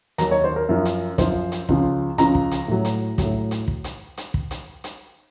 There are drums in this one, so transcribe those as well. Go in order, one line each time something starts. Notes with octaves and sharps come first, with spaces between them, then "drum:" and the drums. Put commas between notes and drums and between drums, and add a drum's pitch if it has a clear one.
D#2 D#3 F#3 A#5, drum: hi-hat
C#5
C5
A#4
F#2 F3
drum: hi-hat
F#2 F3 C5, drum: kick, hi-hat
drum: hi-hat
C#2 C#3 F3, drum: kick
C#2 C#3 F3 A#5, drum: hi-hat
drum: kick
drum: hi-hat
A2 F#3
drum: hi-hat
A2 F#3, drum: kick, hi-hat
drum: hi-hat
drum: kick
drum: hi-hat
drum: hi-hat
drum: kick
drum: hi-hat
drum: hi-hat